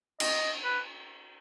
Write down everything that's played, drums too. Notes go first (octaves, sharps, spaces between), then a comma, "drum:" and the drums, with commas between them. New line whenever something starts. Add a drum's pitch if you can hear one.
D#5, drum: cymbal
B4